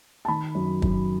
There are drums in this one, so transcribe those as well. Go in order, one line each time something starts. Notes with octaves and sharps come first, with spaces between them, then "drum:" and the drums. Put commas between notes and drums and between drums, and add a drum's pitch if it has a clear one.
A5
D#3 B5
F#2
F#2, drum: kick